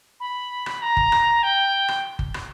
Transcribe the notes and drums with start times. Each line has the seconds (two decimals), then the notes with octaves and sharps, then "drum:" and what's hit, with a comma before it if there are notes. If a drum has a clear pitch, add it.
0.20 B5
0.66 drum: rim click
0.82 A#5
0.97 drum: kick G1
1.12 drum: rim click
1.43 G5
1.88 drum: rim click
2.19 drum: kick G1
2.34 drum: rim click